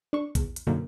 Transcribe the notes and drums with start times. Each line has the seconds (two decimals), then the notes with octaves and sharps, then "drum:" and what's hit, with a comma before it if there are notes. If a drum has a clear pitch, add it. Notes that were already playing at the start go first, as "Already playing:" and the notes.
0.13 D4 C#6
0.35 E2, drum: kick, hi-hat
0.56 drum: hi-hat
0.67 F#2 B2 D3 D#3 A#3